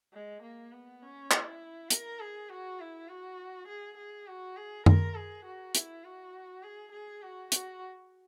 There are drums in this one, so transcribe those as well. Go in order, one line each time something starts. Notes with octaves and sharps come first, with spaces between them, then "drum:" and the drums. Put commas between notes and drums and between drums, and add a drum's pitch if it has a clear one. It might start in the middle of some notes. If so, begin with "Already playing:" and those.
G#3
A#3
B3
C#4
E4, drum: clap
A#4, drum: hi-hat
G#4
F#4
E4
F#4
G#4
G#4
F#4
G#4
A#4, drum: tom F#2
G#4
F#4
E4, drum: hi-hat
F#4
G#4
G#4
F#4
F#4, drum: hi-hat